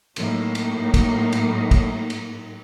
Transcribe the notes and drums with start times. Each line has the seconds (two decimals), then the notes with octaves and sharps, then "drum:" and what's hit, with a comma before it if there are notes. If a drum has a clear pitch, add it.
0.16 A2 F#3 A#3 D#4, drum: cymbal
0.55 drum: cymbal
0.94 drum: kick, cymbal
1.33 drum: cymbal
1.71 drum: kick, cymbal
2.10 drum: cymbal